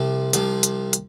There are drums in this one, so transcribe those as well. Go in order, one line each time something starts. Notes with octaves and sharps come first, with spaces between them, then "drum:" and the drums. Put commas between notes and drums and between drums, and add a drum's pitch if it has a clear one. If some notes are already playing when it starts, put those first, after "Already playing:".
Already playing: C2 C3 F3
C2 C3 F3, drum: hi-hat
drum: hi-hat
drum: hi-hat